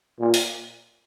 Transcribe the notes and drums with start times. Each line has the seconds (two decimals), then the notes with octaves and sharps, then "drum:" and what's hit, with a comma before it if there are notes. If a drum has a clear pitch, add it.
0.20 A#2
0.34 drum: open hi-hat